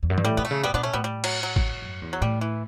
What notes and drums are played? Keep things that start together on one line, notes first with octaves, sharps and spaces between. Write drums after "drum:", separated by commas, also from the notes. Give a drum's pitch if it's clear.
E2
F#2
G2, drum: tom E3
A2 G3
B2 B3
A3
C#3
B2 G3 B3
B2 B3 D4
A3 C#4
A2 G3 B3
G3
F#3, drum: cymbal
F#3
drum: kick
F#2
E2
F#3
A2 G3
E3